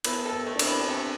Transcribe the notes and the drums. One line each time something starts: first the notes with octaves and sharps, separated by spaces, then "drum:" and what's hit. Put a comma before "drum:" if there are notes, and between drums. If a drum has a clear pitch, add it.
B3 E4, drum: cymbal
A4
B3
A3
D4
C4, drum: cymbal
E4
D4
A3 C4